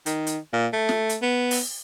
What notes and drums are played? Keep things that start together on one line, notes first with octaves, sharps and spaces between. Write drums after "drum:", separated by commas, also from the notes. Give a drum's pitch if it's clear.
D#3, drum: hi-hat
drum: hi-hat
A#2
A3
drum: snare
drum: hi-hat
B3
drum: open hi-hat